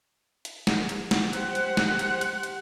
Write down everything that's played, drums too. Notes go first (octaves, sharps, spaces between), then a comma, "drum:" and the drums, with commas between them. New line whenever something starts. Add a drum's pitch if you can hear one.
drum: hi-hat
drum: snare
drum: hi-hat
drum: snare
G4 C5 F#5, drum: hi-hat
drum: hi-hat
drum: snare
drum: hi-hat
drum: hi-hat
drum: hi-hat